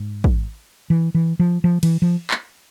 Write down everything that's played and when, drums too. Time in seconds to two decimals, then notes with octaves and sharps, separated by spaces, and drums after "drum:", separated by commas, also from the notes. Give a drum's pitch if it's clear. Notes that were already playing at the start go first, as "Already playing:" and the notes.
Already playing: G#2
0.24 drum: kick
0.90 E3
1.15 E3
1.39 F3
1.64 F3
1.83 E3, drum: cymbal
2.02 F3
2.31 drum: clap